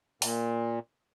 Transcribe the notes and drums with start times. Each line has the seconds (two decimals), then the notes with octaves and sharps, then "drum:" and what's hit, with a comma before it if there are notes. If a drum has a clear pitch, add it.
0.22 A#2, drum: open hi-hat